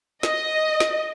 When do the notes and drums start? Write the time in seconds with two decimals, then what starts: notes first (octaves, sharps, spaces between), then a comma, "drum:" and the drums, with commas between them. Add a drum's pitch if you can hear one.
0.23 D#5, drum: snare
0.80 drum: snare